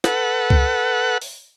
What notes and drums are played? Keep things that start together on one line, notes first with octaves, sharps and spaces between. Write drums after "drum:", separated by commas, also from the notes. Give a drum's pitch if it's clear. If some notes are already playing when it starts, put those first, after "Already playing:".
A4 B4 F#5, drum: snare
drum: kick C#2
drum: open hi-hat